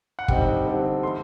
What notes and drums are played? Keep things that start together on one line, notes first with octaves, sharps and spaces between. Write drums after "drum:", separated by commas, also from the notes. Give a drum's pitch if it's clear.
F#5
D3 G3 C4 D#4 G5, drum: kick
D3 G3 C4 D#4
E3 A3 C6